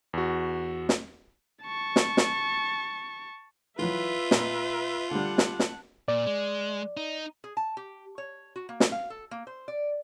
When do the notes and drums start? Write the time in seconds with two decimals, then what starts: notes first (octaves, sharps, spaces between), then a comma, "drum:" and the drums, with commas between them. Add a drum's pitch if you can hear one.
0.13 E2 F#4
0.89 drum: snare
1.63 A5 C#6
1.96 drum: snare
2.17 drum: snare
3.79 E3 F#3 F4 B4 E5
4.31 A#2 D#5, drum: snare
5.11 D3 G3 F#5 A5
5.38 drum: snare
5.59 drum: snare
6.08 A#2 D5
6.27 G#3
6.97 D#4
7.44 G#4
7.57 A5
7.77 G4
8.18 C#5
8.56 F#4
8.69 A#3
8.80 drum: snare
8.92 F5
9.10 A4
9.31 A#3
9.47 C5
9.68 D5